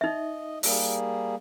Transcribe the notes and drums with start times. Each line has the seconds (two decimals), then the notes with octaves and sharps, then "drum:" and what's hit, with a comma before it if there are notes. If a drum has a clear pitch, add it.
0.01 D#4 D#5 E5
0.63 G3 A#3 G#4, drum: open hi-hat